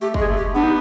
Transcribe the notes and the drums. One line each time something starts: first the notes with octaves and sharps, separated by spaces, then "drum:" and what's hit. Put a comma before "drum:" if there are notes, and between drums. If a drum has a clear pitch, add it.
A3 G4
G#3 G#4, drum: kick
A3
G4
B3 D4
D#4